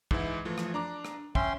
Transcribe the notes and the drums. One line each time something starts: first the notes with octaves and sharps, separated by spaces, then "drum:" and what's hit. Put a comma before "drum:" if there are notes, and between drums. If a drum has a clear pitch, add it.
G#2 E3 E4, drum: kick
E3 F3 A3
drum: rim click
D4 A#5 D6
drum: rim click
C#4 E5 G5 C6, drum: kick